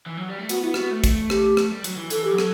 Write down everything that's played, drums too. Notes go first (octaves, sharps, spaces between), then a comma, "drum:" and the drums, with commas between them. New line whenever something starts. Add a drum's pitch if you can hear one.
E3
F#3
G3
A3
B3 F#4, drum: hi-hat
B3 E4
B3 F#4, drum: rim click
A3
drum: kick A1, hi-hat
G4, drum: rim click
drum: rim click
G3
F#3, drum: hi-hat
E3
E3 A4, drum: hi-hat
G4
F#3
A4, drum: rim click